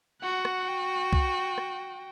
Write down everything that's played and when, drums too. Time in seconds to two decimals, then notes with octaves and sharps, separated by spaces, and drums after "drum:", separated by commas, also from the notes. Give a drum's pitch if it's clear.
0.22 F#4 F#5
0.45 drum: rim click
0.68 G5
1.13 drum: kick
1.58 drum: rim click